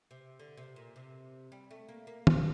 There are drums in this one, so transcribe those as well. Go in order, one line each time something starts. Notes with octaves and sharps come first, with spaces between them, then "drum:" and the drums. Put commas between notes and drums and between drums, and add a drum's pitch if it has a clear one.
C3
D3
C3
A#2
C3
G3
A3
A#3
A#3
A#3, drum: tom D#3